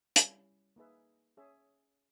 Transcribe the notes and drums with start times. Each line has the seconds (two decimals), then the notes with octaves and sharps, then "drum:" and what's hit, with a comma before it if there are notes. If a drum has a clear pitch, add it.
0.16 G3 C#4 E4, drum: hi-hat
0.76 A#3 D#4 G#4 B4 E5
1.37 C#4 G#4 C#5 E5